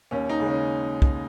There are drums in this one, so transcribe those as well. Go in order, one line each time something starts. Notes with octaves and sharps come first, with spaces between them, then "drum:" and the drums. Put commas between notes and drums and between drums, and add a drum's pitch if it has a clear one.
D#2 C#4
D#4
C#3 G#3
C#4
drum: kick